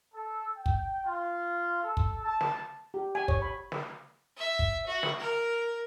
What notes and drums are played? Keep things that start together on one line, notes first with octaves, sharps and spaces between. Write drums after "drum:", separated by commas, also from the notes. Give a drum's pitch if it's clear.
A4
G5
drum: kick
F4
A4
drum: kick
A5
drum: snare
G4
G#5
C#5, drum: kick
B5
drum: snare
E5
drum: kick
F#4
drum: snare
A#4